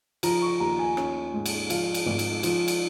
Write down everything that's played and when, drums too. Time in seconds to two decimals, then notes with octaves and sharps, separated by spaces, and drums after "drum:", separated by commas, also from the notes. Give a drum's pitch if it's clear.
0.23 F3 A#5, drum: cymbal
0.42 C#6
0.60 D#2 A#5
0.79 G#5
0.97 C#4, drum: rim click
1.33 G#2
1.46 drum: cymbal
1.70 F3 F5, drum: cymbal
1.94 drum: cymbal
2.06 G#1
2.19 drum: cymbal
2.43 F3, drum: cymbal
2.68 drum: cymbal